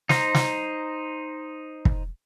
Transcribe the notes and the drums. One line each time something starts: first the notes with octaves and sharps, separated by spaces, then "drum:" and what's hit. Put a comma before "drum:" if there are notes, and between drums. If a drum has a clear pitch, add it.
D#4 C5 A#5, drum: snare
drum: snare
drum: kick